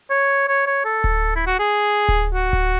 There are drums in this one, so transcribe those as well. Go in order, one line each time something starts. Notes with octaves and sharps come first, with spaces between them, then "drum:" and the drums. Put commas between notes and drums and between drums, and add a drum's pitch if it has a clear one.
C#5
C#5
C#5
A4
drum: kick D1
E4
F#4
G#4
drum: kick D1
F#4
drum: kick D1